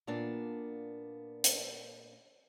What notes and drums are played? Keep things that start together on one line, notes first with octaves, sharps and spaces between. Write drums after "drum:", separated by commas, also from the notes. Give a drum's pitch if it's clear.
A#2 A#3 B3 D4
drum: hi-hat